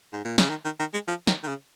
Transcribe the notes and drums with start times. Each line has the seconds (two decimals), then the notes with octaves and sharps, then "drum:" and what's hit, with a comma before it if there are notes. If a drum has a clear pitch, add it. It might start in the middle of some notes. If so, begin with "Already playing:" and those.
0.13 G#2
0.25 A#2
0.38 C#3, drum: snare
0.49 D#3
0.65 D#3
0.80 D#3
0.93 G#3
1.08 F3
1.27 D#3, drum: snare
1.43 D#3
1.48 C#3